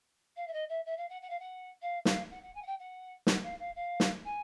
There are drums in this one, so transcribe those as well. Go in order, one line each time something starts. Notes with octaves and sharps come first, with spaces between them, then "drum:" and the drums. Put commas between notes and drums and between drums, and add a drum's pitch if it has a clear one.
F5
E5
D#5
E5
E5
F5
F#5
F#5
F5
F#5
F5
F5, drum: snare
F#5
F#5
G#5
F#5
G5
F#5
F#5, drum: snare
F5
F5
F5
drum: snare
G#5